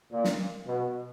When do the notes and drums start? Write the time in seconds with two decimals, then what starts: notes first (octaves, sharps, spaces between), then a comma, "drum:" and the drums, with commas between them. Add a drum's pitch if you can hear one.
0.13 A#2
0.25 drum: snare
0.67 B2